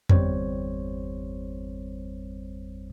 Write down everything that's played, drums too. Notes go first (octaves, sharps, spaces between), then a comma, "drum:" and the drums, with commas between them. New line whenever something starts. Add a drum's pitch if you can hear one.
G1 E2 G3 C4 C5 C#5, drum: tom F2